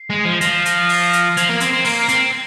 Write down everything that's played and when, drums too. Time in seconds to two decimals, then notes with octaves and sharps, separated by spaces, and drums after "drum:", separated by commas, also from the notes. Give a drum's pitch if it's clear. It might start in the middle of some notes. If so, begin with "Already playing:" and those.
Already playing: C7
0.10 G#3
0.25 F3
0.41 F3 A#6, drum: hi-hat
0.66 A#6, drum: hi-hat
0.83 A#6
0.89 C7, drum: open hi-hat
1.13 A#6, drum: hi-hat
1.37 F3 G#6, drum: hi-hat
1.49 A#3
1.60 C4 A#6, drum: hi-hat
1.73 C4
1.84 A#3 C7, drum: open hi-hat
2.08 C4, drum: hi-hat